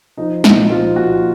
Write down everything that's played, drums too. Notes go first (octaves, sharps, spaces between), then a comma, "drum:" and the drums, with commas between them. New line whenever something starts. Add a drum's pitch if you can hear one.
F3 D#4
A#2 D#4, drum: snare
F3 F4
A#2 F#4